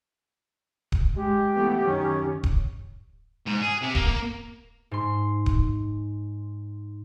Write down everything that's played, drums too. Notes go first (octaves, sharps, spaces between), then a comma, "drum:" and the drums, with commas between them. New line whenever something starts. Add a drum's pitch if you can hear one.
drum: kick D1
G#3 G4
E3 A3 B3
F#2 D#3 C#4
drum: kick D1
G#2
G#4
C3
A#3, drum: kick D1
A#3
G#2 C6
drum: kick D1